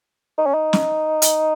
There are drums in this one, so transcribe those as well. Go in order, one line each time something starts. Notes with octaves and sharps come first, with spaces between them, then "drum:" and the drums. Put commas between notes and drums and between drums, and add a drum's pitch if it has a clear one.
D#4
C#4
D#4
drum: snare
drum: hi-hat